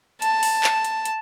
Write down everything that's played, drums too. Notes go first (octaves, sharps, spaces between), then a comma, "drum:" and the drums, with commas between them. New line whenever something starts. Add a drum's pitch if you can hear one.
A5, drum: hi-hat
drum: open hi-hat
drum: clap
drum: hi-hat
drum: hi-hat